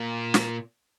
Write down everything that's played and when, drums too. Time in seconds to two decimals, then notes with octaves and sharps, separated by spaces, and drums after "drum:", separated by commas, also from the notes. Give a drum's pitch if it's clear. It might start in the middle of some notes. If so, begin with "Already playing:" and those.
Already playing: A#2
0.34 drum: snare